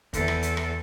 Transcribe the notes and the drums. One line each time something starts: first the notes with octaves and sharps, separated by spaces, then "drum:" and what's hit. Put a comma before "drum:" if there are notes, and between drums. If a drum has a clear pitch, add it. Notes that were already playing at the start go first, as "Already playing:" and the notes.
E2 A4, drum: kick, hi-hat
drum: rim click
drum: hi-hat
drum: rim click